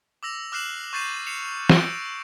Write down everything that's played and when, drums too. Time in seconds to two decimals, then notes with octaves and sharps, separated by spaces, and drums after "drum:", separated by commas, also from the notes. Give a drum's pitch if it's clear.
0.23 D6 E6 A#6 F7
0.52 D6 F6 F#6 C7 E7 F#7
0.93 C#6 G6 A6 C7 D#7 E7
1.27 C7 C#7 E7 F7
1.70 E6 G6 A#6 D7, drum: snare